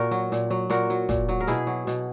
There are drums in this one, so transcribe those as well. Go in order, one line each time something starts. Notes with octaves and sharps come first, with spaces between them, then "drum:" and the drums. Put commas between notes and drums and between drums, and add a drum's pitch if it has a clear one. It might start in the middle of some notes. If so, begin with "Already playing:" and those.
Already playing: A#2 F#4 A#4
F#3
A#2, drum: hi-hat
F#3
A#2 F#4 A#4, drum: hi-hat
F#3
A#2, drum: kick, hi-hat
F#3
A#4
B2 E4 G#4, drum: hi-hat
F#3
B2, drum: hi-hat